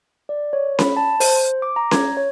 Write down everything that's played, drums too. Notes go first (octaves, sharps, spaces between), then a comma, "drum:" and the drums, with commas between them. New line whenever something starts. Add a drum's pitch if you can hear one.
D5
C#5
B5, drum: snare C#4
A5
C5, drum: open hi-hat
D6
A#5
G#6, drum: snare C#4
C#5